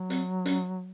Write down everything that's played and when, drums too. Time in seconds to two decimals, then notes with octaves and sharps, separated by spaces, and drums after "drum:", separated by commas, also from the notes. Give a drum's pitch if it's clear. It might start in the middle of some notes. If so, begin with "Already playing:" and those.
Already playing: F#3
0.10 C4, drum: hi-hat
0.46 C#4, drum: hi-hat